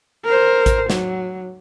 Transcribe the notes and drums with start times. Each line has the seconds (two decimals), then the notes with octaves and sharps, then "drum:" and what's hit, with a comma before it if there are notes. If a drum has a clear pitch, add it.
0.25 A#4 C5
0.66 drum: kick A1, hi-hat
0.90 F#3, drum: snare